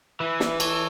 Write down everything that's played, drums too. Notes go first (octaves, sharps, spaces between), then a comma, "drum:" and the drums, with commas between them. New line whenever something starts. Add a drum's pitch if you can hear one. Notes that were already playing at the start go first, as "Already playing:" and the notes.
E3 B4 E5
drum: snare
A4 C#5, drum: cymbal